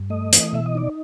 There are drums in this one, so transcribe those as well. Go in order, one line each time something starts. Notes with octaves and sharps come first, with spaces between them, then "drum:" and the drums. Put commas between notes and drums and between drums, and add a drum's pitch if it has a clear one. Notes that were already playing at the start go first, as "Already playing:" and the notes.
Already playing: G2
A3 D#5
E3, drum: hi-hat
B2 E5
D#5
D#4 D5